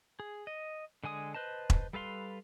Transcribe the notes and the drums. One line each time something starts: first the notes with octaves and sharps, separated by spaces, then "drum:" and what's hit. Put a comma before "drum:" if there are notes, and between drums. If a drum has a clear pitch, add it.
G#4
D#5
D3 G#3 G#5 D#6
B4 C5 D#5 A5
drum: kick E1
G3 A4 B4 F5 C6